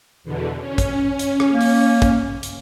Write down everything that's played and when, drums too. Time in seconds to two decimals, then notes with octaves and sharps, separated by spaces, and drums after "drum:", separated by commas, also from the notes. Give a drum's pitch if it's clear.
0.24 E2 B2 D3
0.58 C#4
0.78 drum: kick, hi-hat
1.19 drum: hi-hat
1.40 drum: rim click
1.50 A#3
1.61 drum: open hi-hat
2.02 drum: kick, hi-hat
2.43 drum: hi-hat